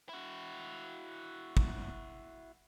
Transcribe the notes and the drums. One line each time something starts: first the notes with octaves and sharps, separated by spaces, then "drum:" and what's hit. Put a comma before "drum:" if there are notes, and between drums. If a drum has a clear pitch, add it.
E4 F#4
drum: kick